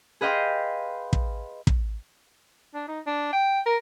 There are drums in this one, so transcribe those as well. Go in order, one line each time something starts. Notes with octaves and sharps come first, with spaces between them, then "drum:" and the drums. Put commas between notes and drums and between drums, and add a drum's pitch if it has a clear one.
G#4 B4 D#5 F5 G5 C6
drum: kick
drum: kick
D4
D#4
D4
G5
A#4